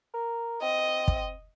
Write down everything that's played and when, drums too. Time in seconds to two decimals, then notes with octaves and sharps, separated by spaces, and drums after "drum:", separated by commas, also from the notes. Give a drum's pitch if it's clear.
0.14 A#4
0.62 C4 D#5
1.08 drum: kick